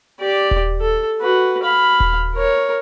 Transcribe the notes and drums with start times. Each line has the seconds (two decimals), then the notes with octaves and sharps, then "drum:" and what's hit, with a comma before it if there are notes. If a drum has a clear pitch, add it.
0.21 G4 D5
0.51 drum: kick D#1
0.81 A4
1.21 F#4 B4
1.63 F5 B5
2.00 drum: kick D#1
2.35 A#4 C#5